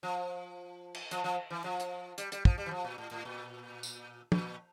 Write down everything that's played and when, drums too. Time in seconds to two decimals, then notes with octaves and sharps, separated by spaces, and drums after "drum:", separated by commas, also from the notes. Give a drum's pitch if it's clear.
0.03 F3
0.95 drum: cymbal
1.11 F3, drum: hi-hat
1.24 F3
1.50 E3
1.64 F3
1.80 drum: hi-hat
2.18 G3, drum: hi-hat
2.32 G3, drum: hi-hat
2.45 F3, drum: kick
2.58 G3
2.66 E3
2.71 F3
2.84 A#2
2.98 A2
3.11 A2
3.25 A#2
3.83 drum: tambourine
4.32 A#2, drum: tom